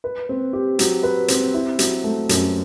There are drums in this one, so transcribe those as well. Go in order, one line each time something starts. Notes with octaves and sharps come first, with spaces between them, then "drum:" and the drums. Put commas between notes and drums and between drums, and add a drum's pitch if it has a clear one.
B4
C4
G4
F#3, drum: hi-hat
B4
C4, drum: hi-hat
E4
F#3, drum: hi-hat
A3
F#2, drum: hi-hat